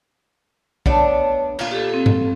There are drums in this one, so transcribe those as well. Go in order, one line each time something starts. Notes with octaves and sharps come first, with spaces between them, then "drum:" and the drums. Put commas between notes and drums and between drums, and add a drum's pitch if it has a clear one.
A3 B3 D4 C#5, drum: kick
A#2 F4, drum: cymbal
G4 A4
C4 A4
drum: tom G2